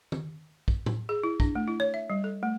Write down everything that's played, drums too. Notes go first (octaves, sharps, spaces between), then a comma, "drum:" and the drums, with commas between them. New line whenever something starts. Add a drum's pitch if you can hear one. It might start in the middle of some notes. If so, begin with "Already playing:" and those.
drum: tom
drum: kick
drum: tom A2
G#4
E4
D4, drum: kick
A3
E4
C#5
E5
G3
A4
A3